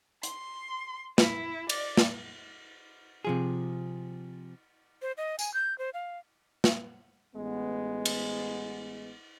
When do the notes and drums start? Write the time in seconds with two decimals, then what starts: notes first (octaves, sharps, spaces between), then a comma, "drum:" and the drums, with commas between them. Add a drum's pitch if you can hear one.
0.23 C6, drum: hi-hat
1.18 E4, drum: snare
1.69 D5, drum: cymbal
1.97 drum: snare
3.25 C3 F3 G#4
5.02 C5
5.17 D#5
5.39 G#5, drum: tambourine
5.54 G6
5.78 C5
5.94 F5
6.64 drum: snare
7.35 A1 G#3 B3
8.05 drum: cymbal